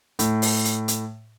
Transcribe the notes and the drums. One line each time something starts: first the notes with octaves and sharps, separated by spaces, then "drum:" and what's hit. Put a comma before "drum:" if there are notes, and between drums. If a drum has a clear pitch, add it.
A2, drum: hi-hat
drum: open hi-hat
drum: hi-hat
drum: hi-hat